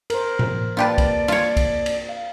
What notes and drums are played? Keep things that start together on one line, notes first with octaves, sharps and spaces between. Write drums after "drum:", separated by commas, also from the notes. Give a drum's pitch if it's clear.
A#4 C5, drum: cymbal
drum: tom A2
A#3 F4 G4 B4 D5 A5 A6
drum: kick C2, cymbal
F4 C#5, drum: cymbal
drum: kick C2, cymbal
drum: cymbal
F5